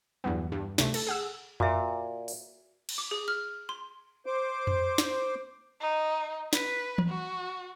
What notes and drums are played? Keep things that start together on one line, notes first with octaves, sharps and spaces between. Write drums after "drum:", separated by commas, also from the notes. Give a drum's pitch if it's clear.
E2 G2 F#3 B3
G2
D2 C3 A3, drum: snare
A4, drum: cymbal
G#4 F#5 E6
A#2 F#4 E5, drum: tom F2
drum: open hi-hat
drum: cymbal
D6
G#4
F6
C6
C5 D6
drum: tom F2
drum: snare
D#4
B4, drum: snare
drum: tom E3
F#4